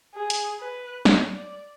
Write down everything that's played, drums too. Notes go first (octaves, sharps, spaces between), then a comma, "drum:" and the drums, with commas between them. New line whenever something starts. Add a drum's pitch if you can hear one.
G#4
drum: hi-hat
B4
C#5, drum: snare
D5